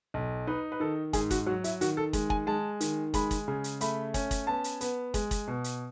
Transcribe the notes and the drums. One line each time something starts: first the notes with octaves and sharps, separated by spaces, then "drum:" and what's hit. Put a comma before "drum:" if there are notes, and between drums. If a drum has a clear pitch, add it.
B1
D#4 B4
B4
D#3 A4
G#2 G#4, drum: kick, hi-hat
F#4, drum: kick, hi-hat
F#3 F#4
E4, drum: hi-hat
D#3 F#4, drum: hi-hat
A4
G#3, drum: kick, hi-hat
G#5, drum: kick
G#3 A5
D#3, drum: hi-hat
G#3 B5, drum: kick, hi-hat
drum: kick, hi-hat
C#3
drum: hi-hat
A3 B5, drum: hi-hat
C#4, drum: kick, hi-hat
drum: kick, hi-hat
B3 A5
drum: hi-hat
B3, drum: hi-hat
G#3, drum: kick, hi-hat
drum: kick, hi-hat
B2
drum: hi-hat